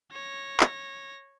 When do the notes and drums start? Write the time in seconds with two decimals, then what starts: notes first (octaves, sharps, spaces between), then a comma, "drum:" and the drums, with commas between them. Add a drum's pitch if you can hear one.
0.12 C#5 A#6
0.60 drum: clap